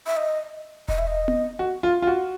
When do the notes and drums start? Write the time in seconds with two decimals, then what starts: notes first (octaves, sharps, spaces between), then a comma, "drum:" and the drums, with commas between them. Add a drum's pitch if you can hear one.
0.06 E5
0.17 D#5
0.88 D#5, drum: kick E1
0.98 E5
1.07 D#5
1.28 drum: tom B3
1.59 F#4
1.83 F4
2.02 F4
2.07 F#4